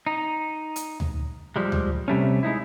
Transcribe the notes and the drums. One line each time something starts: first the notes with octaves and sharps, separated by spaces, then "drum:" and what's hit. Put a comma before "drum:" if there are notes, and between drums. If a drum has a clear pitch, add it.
D#4
drum: hi-hat
drum: tom D2
F3 G3 G#3
drum: tom D2
C3 G3 A3 C#4
G#3 D#4 E4